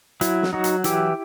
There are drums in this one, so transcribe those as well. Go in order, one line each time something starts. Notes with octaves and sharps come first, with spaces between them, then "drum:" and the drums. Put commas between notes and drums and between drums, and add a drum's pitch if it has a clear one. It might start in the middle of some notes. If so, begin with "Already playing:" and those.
F#3 E4, drum: hi-hat
drum: snare
F#3 D#4 F#4
drum: hi-hat
E3 E4 G4, drum: hi-hat